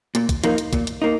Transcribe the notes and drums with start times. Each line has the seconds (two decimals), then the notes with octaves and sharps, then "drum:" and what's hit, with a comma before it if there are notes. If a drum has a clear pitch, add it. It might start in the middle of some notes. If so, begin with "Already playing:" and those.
0.15 A#2, drum: hi-hat
0.29 drum: kick, hi-hat
0.44 F3 A#3 D#4, drum: hi-hat
0.58 drum: hi-hat
0.73 A#2, drum: kick, hi-hat
0.87 drum: hi-hat
1.02 A#3 D#4